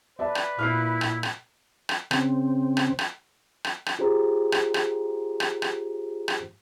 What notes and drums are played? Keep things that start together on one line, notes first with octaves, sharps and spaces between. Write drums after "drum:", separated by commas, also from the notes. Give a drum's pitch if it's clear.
B4 D5 E5 A5
drum: rim click
A#2 E4 F6 F#6 C7
drum: rim click
drum: rim click
drum: rim click
C#3 C4, drum: rim click
drum: rim click
drum: rim click
drum: rim click
drum: rim click
F4 G4 G#4 C5 A#5
drum: rim click
drum: rim click
drum: rim click
drum: rim click
drum: rim click